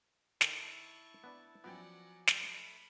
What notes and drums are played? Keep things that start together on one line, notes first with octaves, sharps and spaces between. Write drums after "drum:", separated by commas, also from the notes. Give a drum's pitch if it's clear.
D#3 E4 A4 A5 A#5 C#6, drum: snare
B3 D4 D5
F3 F#3 B3 C#4 D5 F#5 G5
A3 B5, drum: snare